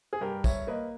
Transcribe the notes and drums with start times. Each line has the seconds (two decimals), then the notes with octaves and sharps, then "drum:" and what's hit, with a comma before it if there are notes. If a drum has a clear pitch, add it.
0.13 G#4
0.21 G2 G4 A#4
0.44 C#5 E5, drum: kick, tambourine
0.67 A#3 B4 D#5